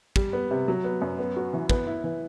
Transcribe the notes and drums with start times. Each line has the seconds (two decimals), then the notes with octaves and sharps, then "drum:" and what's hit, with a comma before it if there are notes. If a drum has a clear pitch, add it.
0.16 G3, drum: kick
0.33 B3
0.51 C3
0.68 F#3
0.84 B3
1.02 F#2
1.19 B3
1.36 F#4
1.54 E3
1.70 B3, drum: kick
1.87 E4
2.04 E3